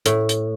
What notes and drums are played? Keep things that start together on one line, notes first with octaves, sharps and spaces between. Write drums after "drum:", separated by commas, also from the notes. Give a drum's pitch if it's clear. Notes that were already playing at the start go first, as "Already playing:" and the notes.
A2, drum: hi-hat
drum: hi-hat